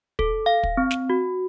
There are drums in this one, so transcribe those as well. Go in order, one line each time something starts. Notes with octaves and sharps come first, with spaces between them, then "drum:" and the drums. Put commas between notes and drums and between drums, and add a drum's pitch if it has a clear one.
A4, drum: kick
F5
drum: kick
C4
drum: snare
F#4